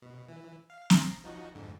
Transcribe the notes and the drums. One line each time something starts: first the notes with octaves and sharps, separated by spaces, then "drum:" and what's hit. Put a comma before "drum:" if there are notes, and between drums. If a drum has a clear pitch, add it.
B2
E3
F5
A#5 C7, drum: snare
F3 D#4 F#4
F2 G#2 D3